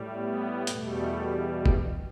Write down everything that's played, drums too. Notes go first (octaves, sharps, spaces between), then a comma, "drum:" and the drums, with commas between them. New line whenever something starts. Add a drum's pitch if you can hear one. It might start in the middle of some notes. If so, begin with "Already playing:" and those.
Already playing: A2 G3
B3
E2 B2 G3 A3, drum: hi-hat
drum: kick F1